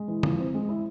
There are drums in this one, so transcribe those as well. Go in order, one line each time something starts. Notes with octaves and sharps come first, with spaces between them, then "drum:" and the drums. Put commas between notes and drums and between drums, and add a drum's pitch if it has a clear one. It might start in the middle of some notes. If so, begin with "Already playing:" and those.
Already playing: G#3
E3
F3, drum: tom D3
C4
G#3
E4